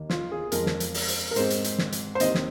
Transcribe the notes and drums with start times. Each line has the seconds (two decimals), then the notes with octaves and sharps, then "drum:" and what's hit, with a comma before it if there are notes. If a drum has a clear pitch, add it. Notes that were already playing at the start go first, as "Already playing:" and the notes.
Already playing: D#2 D#3 A#3
0.10 F4, drum: snare
0.32 G#4
0.52 F2 F3 G#3 C4 A#4, drum: hi-hat
0.66 drum: snare
0.80 drum: hi-hat
0.94 drum: open hi-hat
1.08 drum: hi-hat
1.31 A#4
1.36 G#2 G#3 C4 C5, drum: hi-hat
1.50 drum: hi-hat
1.64 drum: hi-hat
1.78 drum: snare
1.92 drum: hi-hat
2.15 C5
2.20 D#2 D#3 C4 D#5, drum: hi-hat
2.35 drum: snare